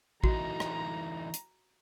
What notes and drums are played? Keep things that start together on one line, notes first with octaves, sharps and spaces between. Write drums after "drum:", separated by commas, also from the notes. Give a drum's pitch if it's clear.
E3 A3 D#4 F#4 A#5, drum: kick A1
drum: rim click
drum: hi-hat